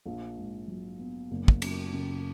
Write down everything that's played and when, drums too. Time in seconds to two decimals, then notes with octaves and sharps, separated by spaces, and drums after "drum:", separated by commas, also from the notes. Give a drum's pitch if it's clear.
0.06 A#1
0.37 G#2
0.68 F#3
0.99 B3
1.31 F#1
1.48 drum: kick
1.62 F#2, drum: cymbal
1.93 C#3